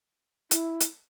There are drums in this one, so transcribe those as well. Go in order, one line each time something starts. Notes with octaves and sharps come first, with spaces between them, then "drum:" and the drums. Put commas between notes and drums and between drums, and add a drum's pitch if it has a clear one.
E4, drum: hi-hat
drum: hi-hat